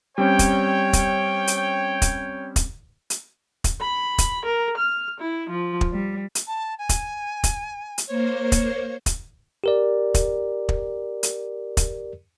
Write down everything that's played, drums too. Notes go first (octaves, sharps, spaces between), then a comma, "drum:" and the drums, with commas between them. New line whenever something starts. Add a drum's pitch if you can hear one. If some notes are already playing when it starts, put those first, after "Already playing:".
G3 C4 C#4 C#5 G5
drum: kick, hi-hat
drum: kick, hi-hat
drum: hi-hat
drum: kick, hi-hat
drum: kick, hi-hat
drum: hi-hat
drum: kick, hi-hat
B5
drum: kick, hi-hat
A#4
F6
E4
F3
drum: kick
G3
drum: hi-hat
A5
G#5
drum: kick, hi-hat
drum: kick, hi-hat
drum: hi-hat
A#3 C5 C#5
drum: kick, hi-hat
drum: kick, hi-hat
G4 A#4 D5
drum: kick, hi-hat
drum: kick
drum: hi-hat
drum: kick, hi-hat